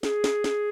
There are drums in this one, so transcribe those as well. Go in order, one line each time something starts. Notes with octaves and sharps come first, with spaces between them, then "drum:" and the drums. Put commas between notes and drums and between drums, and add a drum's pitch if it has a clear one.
G#4, drum: snare
drum: snare
drum: snare